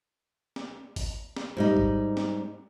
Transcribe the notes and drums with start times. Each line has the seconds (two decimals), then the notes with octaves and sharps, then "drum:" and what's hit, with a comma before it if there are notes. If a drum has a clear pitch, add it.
0.56 drum: snare
0.96 drum: kick G#1, open hi-hat
1.37 drum: snare
1.57 G#2 G3 D#4
1.77 drum: kick G#1
2.17 drum: snare